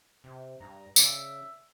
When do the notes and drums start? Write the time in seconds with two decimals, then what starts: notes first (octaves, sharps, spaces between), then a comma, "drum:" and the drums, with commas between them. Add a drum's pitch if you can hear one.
0.24 C3
0.60 G2 A#5
0.96 C#3 D5 E5, drum: tambourine